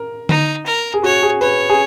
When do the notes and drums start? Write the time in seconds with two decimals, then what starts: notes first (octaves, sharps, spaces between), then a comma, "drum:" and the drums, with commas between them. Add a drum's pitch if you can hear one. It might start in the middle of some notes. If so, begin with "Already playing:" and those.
Already playing: A#4
0.29 D#4, drum: tom D3
0.67 A#4
0.94 G#4
1.04 F#4 C#5
1.23 G#4
1.41 B4 C#5
1.70 G#4